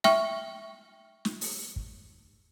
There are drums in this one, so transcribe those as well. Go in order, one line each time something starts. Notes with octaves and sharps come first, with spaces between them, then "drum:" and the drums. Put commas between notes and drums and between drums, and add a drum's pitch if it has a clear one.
E5 G5 C#6 F6, drum: snare
drum: snare
drum: open hi-hat
drum: kick